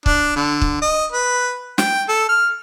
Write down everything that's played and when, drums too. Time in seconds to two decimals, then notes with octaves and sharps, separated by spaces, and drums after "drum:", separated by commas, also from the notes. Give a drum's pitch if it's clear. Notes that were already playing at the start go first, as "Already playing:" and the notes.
0.06 D4, drum: kick
0.36 D3
0.62 drum: kick
0.82 D#5
1.12 B4
1.78 G5, drum: snare
2.08 A4
2.29 F6